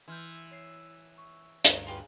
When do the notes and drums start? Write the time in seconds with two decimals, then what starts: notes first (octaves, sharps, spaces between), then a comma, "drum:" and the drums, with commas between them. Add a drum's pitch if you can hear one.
0.08 E3 C6 F6 G6
0.51 C#5 C7
1.18 C#6
1.65 D2 G2 F5 A#5, drum: hi-hat
1.87 F4 G4 G#4 B4 G#5